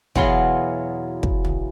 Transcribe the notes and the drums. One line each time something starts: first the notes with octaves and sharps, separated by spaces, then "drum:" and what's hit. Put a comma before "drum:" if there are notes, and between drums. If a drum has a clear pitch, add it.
E2 B2 F#3 F4 F#5 C6, drum: kick
drum: kick
drum: tom